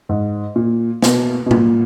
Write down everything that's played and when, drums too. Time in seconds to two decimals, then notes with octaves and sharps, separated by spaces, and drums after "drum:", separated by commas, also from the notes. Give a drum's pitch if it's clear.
0.09 G#2
0.56 A#2
1.02 B2, drum: snare
1.46 B2
1.51 A#2, drum: tom A2